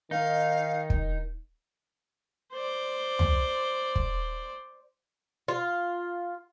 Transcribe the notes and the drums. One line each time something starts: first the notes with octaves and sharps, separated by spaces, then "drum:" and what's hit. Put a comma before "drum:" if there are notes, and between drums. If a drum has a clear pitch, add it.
D#3 D#4 F5
drum: kick
C5 D5
drum: tom
drum: kick
F4